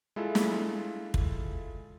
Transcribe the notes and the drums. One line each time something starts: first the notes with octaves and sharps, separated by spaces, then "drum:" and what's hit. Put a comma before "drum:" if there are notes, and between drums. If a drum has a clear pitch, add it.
G#3 E4 F4 A4
drum: snare
drum: kick